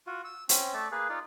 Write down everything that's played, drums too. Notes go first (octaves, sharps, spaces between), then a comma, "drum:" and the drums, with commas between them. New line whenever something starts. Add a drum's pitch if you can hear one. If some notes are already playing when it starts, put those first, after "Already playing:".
F4 F#4
E6
C4 C#4, drum: hi-hat
A3 D5 E5 A5
A#3 G#4 B4
D#4 F4 D5